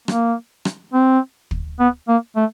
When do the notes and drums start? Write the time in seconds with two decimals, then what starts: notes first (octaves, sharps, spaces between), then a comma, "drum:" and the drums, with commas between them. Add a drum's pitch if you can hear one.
0.08 A#3, drum: rim click
0.65 drum: rim click
0.94 C4
1.51 drum: kick
1.80 B3
2.08 A#3
2.36 A3